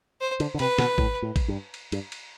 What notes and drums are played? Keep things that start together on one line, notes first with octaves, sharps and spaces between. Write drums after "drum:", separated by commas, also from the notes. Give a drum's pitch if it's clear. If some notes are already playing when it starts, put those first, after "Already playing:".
C5
D3, drum: cymbal
D3
C3 B4, drum: cymbal
B2, drum: snare
A2, drum: kick A1
A2
drum: kick A1, cymbal
G2
drum: cymbal
G2, drum: cymbal
drum: cymbal